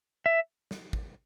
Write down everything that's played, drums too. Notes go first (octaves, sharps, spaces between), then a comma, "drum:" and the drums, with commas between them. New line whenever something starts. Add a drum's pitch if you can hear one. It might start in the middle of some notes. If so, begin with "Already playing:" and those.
E5
drum: snare
drum: kick